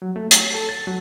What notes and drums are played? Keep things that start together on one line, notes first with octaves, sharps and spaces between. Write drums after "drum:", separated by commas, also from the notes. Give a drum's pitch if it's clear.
F#3
A3
C#5, drum: hi-hat
A4
A6
F#3